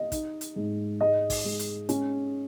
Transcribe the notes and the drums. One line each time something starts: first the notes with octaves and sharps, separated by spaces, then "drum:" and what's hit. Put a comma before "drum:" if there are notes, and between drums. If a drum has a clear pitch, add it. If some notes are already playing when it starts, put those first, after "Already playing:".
Already playing: D#5
D#4, drum: kick, hi-hat
drum: hi-hat
G#2
G#3 D#5
drum: kick, open hi-hat
G#3
drum: hi-hat
C#4, drum: hi-hat